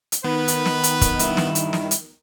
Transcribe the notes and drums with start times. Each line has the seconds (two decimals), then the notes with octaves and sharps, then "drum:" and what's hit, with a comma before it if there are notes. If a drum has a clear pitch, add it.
0.12 drum: hi-hat
0.24 D#3 B3 B4
0.48 drum: hi-hat
0.66 drum: snare
0.84 drum: hi-hat
1.01 drum: kick, hi-hat
1.19 G2 E4, drum: hi-hat
1.37 drum: snare
1.55 drum: hi-hat
1.73 drum: snare
1.91 drum: hi-hat